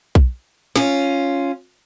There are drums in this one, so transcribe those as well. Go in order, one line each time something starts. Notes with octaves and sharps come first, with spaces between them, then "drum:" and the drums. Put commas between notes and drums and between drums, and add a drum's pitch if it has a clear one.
drum: kick B1
C#4 F4, drum: snare